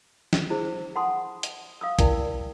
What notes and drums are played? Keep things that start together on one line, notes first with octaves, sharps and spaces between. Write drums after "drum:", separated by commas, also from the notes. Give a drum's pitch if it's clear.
drum: snare
E4 G#4 C5
F#5 G#5 A5 C6 D#6
drum: hi-hat
F5 D#6 E6
E4 A#4 D5 G5 G#5, drum: kick, hi-hat